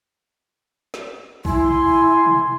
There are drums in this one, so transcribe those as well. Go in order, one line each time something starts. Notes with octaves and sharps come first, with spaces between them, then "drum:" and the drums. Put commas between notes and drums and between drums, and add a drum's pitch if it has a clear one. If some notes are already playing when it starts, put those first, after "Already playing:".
drum: snare
E4 G#5 C6, drum: kick A#1
drum: tom
drum: tom